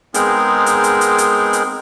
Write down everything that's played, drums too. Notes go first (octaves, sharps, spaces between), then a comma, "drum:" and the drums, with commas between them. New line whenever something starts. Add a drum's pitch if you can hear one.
G#3 B3 C4 D#4 G#4 A#4, drum: hi-hat
drum: hi-hat
drum: hi-hat
drum: hi-hat
drum: hi-hat
drum: hi-hat